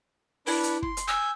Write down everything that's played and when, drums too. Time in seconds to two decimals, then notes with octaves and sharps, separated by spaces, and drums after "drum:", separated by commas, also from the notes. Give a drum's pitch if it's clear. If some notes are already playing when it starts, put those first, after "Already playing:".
0.47 D4 E4 B4, drum: open hi-hat
0.63 drum: hi-hat
0.83 C6, drum: kick
0.97 drum: hi-hat
1.08 G#5 E6 G6